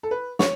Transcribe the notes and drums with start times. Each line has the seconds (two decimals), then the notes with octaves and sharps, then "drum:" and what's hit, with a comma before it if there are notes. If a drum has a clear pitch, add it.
0.03 A4
0.11 B4
0.39 C#5, drum: snare